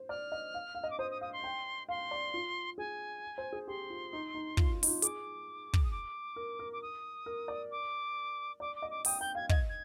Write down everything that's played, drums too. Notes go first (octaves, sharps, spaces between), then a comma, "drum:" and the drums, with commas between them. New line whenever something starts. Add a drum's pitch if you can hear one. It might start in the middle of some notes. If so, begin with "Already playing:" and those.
Already playing: C5
D5 F6
D#5
F5
F5
D#5
D6
C5 D#6
D#6
F5 D#6
C6
G5
F5 C6
D5
F4
G#4 G#5
C5
G#4
G4 C6
F4
D#4
D#4
F4, drum: kick
F4
D#4, drum: open hi-hat
F4
G#4 D6, drum: hi-hat
drum: kick
D#6
D6
A#4
A#4
D6
D#6
A#4
D5
D6
D5 D6
D6
D#5
D6
G5 D#6, drum: open hi-hat
G5 G6
F5 G#6
D#5 G#6, drum: kick
G#6